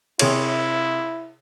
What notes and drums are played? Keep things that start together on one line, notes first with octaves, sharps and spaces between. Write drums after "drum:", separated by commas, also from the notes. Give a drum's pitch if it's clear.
C3 E4 G#4 C#5, drum: cymbal